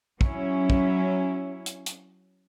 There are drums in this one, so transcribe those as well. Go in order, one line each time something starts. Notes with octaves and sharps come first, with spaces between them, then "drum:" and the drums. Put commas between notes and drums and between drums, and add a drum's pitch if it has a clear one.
F#3 C#4 E4, drum: kick
drum: kick
drum: hi-hat
drum: hi-hat